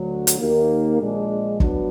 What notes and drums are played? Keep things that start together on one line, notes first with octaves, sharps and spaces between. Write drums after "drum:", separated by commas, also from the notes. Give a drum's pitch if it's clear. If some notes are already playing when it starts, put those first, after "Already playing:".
Already playing: D2 D3 F#3
drum: hi-hat
D#2 D#3 A#3
A#1 A#2 G#3 D4
F#3 B3 D4 F#4, drum: kick